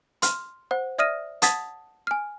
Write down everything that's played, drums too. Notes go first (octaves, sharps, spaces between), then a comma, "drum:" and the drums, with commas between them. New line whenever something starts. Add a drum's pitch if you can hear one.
C6 F6, drum: hi-hat
C5 F#5
D5 E5 D#6 F6 A#6 D#7
F#5 A5 D#6 G#6 A6 B6, drum: hi-hat
G#5 F6